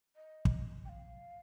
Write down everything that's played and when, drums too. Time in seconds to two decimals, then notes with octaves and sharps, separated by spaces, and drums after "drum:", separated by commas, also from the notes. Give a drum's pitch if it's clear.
0.16 D#5
0.45 drum: kick
0.85 G5
0.89 F5